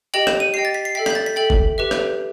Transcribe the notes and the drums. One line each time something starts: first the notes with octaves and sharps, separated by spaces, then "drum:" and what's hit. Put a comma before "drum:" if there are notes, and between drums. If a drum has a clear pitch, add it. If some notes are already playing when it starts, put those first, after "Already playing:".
G4 D#5 G5 F#7
E7, drum: rim click
D#7
G4 D#5 G5 C7
A6
B6
C7
A4 E5 G5 B6
G6 B6, drum: rim click
A6
B6
A4 E5 G5 F#7
drum: kick
G4 B4 E5
drum: rim click